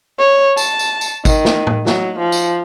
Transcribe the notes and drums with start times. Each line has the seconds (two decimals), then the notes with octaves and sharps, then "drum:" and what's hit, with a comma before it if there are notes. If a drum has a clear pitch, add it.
0.19 C#5
0.57 A5, drum: tambourine
0.79 drum: tambourine
1.01 drum: tambourine
1.25 D#3, drum: kick, tambourine
1.45 drum: snare
1.67 drum: tom A2
1.86 F#3, drum: snare
2.19 F3
2.32 drum: tambourine